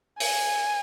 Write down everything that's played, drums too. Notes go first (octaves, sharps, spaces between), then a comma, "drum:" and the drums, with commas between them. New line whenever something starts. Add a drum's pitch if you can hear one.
G#5, drum: open hi-hat